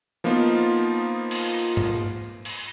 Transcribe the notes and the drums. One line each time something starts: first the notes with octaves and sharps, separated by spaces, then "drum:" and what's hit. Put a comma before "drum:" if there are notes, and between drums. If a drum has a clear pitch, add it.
F3 A#3 B3 D#4 F4
drum: cymbal
drum: tom G#2
drum: cymbal